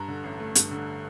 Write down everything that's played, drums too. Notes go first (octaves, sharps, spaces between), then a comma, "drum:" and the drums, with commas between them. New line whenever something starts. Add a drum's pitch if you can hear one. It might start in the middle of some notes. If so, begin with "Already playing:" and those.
Already playing: G2 A#5
D3
A1
A3
G2, drum: hi-hat
D3